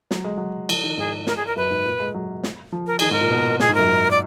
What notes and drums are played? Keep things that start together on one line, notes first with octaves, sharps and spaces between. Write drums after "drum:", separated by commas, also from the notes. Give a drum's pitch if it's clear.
F#3, drum: snare
G#3
F#3
F3, drum: cymbal
D#3
G#2 G#4
A#4, drum: snare
G#4
A#4
F#2 B4
G#2
A#2
G#3
F#3
drum: snare
F3
A#4
D#3 G#4, drum: cymbal
G#2 A#4
A#2
B2
A#2 G#4, drum: snare
G#2
F#2 A#4
G#2
D5